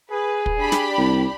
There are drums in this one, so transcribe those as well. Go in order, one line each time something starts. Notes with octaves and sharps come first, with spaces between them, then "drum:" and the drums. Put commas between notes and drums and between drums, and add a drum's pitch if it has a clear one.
G#4 B4
drum: kick
D4 G4 B5
drum: snare
C2